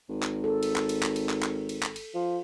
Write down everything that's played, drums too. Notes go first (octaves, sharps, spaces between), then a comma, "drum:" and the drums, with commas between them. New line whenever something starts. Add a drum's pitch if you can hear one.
G#1
drum: clap
A4
drum: cymbal
drum: clap
drum: cymbal
drum: clap
drum: cymbal
drum: clap
drum: clap
drum: cymbal
drum: clap
drum: cymbal
F3